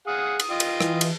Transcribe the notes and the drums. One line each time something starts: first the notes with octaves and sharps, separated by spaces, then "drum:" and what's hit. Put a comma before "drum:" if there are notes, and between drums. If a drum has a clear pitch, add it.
G#4 F5 F#5 D#6
drum: cymbal
F4 D#5 G5
drum: cymbal
E3, drum: rim click
drum: cymbal